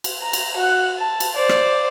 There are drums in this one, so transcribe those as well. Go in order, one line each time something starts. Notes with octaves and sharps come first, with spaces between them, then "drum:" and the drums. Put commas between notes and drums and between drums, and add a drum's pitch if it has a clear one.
drum: cymbal
A#5
drum: cymbal
F#4 F#6
A5
drum: cymbal
C5 D5
drum: rim click